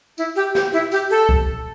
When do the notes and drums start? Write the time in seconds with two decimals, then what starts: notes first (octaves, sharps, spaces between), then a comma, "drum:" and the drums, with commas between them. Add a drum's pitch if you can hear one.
0.18 E4, drum: tambourine
0.36 G4
0.55 G4, drum: snare
0.73 E4
0.92 G4, drum: tambourine
1.11 A4
1.29 drum: kick C2